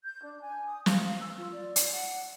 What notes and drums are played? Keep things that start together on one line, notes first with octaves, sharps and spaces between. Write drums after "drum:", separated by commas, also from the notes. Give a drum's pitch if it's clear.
G6
D4
G#5
D#6
F5, drum: snare
E6
F4
D5
drum: hi-hat
F#5